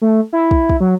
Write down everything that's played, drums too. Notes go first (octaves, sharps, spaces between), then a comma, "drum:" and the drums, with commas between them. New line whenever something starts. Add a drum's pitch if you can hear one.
A3
E4
drum: kick
drum: kick
F#3